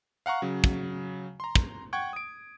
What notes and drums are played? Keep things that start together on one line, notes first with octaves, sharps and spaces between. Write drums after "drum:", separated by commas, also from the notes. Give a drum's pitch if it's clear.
F5 F#5 A#5 C#6
C#3 F#3
drum: kick
A#5 C6
drum: kick
F#5 G5 C#6 G#6
D#6 D7